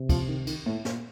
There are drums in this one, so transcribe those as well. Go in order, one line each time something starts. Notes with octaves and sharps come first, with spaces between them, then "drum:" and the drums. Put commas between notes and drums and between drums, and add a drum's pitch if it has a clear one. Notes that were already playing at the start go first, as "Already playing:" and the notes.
Already playing: C3
F3, drum: kick, cymbal
D#3
D#3, drum: cymbal
A2
A#2, drum: snare